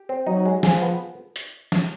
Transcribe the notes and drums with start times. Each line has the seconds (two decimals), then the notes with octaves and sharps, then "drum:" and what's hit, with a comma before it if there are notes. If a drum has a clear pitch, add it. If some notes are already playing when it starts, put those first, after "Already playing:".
Already playing: G4
0.09 C4
0.27 F#3 D#4
0.46 G#3
0.63 F3 G#4, drum: snare
0.82 B3
1.36 drum: hi-hat
1.72 drum: snare